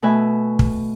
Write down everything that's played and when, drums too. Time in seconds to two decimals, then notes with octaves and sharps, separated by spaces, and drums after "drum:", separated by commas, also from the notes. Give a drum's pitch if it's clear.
0.02 B2 A3 B4 D#5 E5 G#5
0.59 drum: kick